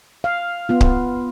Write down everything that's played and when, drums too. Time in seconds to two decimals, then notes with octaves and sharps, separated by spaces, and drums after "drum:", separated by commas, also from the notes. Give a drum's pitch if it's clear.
0.24 F5
0.69 B3 F4
0.81 drum: kick C#1